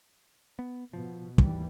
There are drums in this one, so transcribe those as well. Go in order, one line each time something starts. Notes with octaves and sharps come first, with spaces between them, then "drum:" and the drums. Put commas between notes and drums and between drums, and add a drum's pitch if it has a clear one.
B3
B2 F3
G#1 D#2 E3 G3, drum: kick